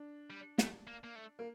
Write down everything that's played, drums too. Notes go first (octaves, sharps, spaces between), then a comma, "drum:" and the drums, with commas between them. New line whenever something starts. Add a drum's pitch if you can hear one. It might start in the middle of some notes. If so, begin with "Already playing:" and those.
Already playing: D4
G3
A3, drum: snare
A#3
A#3
A3
A#3